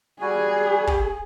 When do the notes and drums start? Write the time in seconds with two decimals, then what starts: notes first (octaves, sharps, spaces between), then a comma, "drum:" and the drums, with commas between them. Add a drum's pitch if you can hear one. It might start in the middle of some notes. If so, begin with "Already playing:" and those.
0.21 G3 F#4 G#4 G#5
0.87 drum: kick